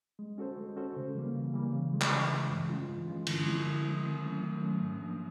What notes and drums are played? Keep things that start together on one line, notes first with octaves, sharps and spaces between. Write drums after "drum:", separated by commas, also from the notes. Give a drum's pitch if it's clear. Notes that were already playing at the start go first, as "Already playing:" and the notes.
G#3
C#4 F#4 A4 C5
G#3
C#4 F#4 A4 C5
C#3
E3 G3 A#3
C#3
E3 G3 A#3
C#3
E3 G#3
drum: clap
C#3
E3 G#3
G2
E3 G#3 C#4 F4
G2
E3 G#3 C#4 F4
D3, drum: cymbal
F3 G#3 C4 E4
D3
F3 G#3 C4 E4
D#3
F#3 A3 C#4
D#3
F#3 A3 C#4
G#2
F3 A#3 D4